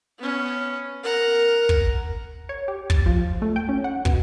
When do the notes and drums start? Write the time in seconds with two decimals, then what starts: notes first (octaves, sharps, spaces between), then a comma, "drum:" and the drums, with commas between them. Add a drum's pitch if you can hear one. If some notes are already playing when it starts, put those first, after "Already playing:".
0.18 B3 C#4
1.04 A#4 F#5 A#5
1.69 drum: kick
2.49 C#5
2.68 G4
2.90 A6, drum: kick
3.06 F3
3.42 A3
3.56 G5
3.69 C#4
3.84 F#5
4.05 B2, drum: kick